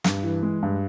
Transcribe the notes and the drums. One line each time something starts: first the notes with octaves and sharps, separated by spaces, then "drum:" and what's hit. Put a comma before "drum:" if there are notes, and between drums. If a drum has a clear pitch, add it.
G2, drum: snare
E3
G#3
G2